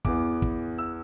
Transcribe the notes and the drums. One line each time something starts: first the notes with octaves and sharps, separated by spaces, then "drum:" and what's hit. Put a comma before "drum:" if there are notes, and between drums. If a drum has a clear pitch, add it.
E2 E3 B3 D6, drum: kick
drum: kick
E6